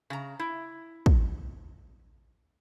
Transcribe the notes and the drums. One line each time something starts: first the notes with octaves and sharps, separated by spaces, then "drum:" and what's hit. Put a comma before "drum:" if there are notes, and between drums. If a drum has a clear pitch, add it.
C#3 A#5
E4
drum: kick